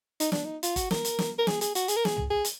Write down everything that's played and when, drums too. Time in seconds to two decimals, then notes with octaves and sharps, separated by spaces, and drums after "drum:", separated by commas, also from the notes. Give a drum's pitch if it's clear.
0.20 D#4, drum: hi-hat
0.32 D4, drum: snare
0.44 D#4
0.63 F4, drum: hi-hat
0.76 F#4, drum: kick, hi-hat
0.91 A#4, drum: snare
1.05 drum: hi-hat
1.19 drum: snare
1.38 A#4
1.47 G#4, drum: snare
1.61 G#4, drum: hi-hat
1.75 F#4, drum: hi-hat
1.88 G#4, drum: hi-hat
1.96 A#4
2.05 G#4, drum: snare
2.17 drum: tom
2.30 G#4
2.45 drum: hi-hat